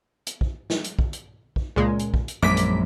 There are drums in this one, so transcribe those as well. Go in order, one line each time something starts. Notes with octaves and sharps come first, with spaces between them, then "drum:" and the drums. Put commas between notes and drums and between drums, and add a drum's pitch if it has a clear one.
drum: hi-hat
drum: kick
drum: snare
drum: hi-hat
drum: kick
drum: hi-hat
drum: kick
C#2 A#2 G#3
drum: hi-hat
drum: kick
drum: hi-hat
A#1 F#2 G#3 D6 B6
drum: hi-hat